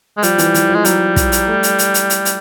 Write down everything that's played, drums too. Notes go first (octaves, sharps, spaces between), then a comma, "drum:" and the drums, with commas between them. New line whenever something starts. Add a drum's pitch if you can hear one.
G#3
F3 G3, drum: hi-hat
E3, drum: hi-hat
E3, drum: hi-hat
F3 G#3
F#3 G3, drum: hi-hat
drum: kick, hi-hat
drum: hi-hat
A3
drum: hi-hat
drum: hi-hat
drum: hi-hat
drum: hi-hat
drum: hi-hat